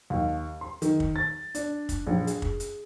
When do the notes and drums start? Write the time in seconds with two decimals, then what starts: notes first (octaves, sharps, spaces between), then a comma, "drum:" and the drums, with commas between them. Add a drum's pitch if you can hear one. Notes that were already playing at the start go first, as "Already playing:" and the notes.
0.10 D#2
0.61 C6
0.82 D#3, drum: hi-hat
1.00 drum: kick
1.16 A6
1.55 D4, drum: hi-hat
1.89 drum: kick, hi-hat
2.07 A#1
2.27 G#4, drum: hi-hat
2.42 drum: kick
2.60 drum: hi-hat